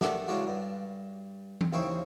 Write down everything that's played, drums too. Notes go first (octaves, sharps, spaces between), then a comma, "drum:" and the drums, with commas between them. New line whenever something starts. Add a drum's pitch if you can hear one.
A3 B3 D4 G4 A4 A#4, drum: snare
C#3 E3 G#3 D4 F4 F#4
G2
drum: tom E3
D#2 C#3 C4 E4 G5 C#6